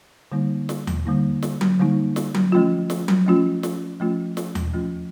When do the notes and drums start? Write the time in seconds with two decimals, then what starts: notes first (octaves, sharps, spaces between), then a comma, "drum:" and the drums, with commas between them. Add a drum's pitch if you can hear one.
0.32 D3 G3 A#3 D#4
0.69 drum: snare
0.87 drum: tom D#2
1.06 D3 G3 A#3 D#4
1.42 drum: snare
1.61 drum: tom F#3
1.79 D3 G3 A#3 D#4
2.16 drum: snare
2.34 drum: tom F#3
2.52 F3 A3 C#4 F4
2.90 drum: snare
3.08 drum: tom F#3
3.26 F3 A3 C#4 F4
3.63 drum: snare
4.00 F3 A3 C#4 F4
4.37 drum: snare
4.55 drum: tom D#2
4.74 F3 A3 C#4 F4